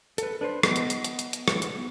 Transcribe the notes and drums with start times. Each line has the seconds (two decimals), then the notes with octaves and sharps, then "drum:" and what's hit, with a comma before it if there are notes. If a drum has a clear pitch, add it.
0.18 A4 B4, drum: hi-hat
0.41 D4 B4 C5
0.63 B3 D#5, drum: rim click
0.76 drum: hi-hat
0.90 drum: hi-hat
1.04 drum: hi-hat
1.19 drum: hi-hat
1.33 drum: hi-hat
1.48 drum: rim click
1.62 drum: hi-hat